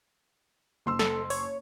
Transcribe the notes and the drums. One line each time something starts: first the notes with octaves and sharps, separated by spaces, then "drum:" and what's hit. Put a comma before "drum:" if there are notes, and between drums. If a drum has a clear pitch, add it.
F#1 C6 E6
A4, drum: snare
C#5, drum: open hi-hat